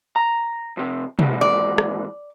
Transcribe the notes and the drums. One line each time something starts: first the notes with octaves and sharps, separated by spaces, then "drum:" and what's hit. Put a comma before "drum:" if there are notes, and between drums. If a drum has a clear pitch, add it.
A#5
F2 C3
D#2 G#2 E3, drum: tom
D5
drum: rim click